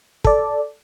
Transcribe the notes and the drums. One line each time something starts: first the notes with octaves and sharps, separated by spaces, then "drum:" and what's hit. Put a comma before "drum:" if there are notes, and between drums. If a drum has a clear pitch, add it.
A4 D5, drum: kick